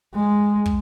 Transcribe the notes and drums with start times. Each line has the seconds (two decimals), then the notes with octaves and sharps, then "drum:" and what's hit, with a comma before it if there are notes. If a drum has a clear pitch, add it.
0.14 G#3
0.66 drum: kick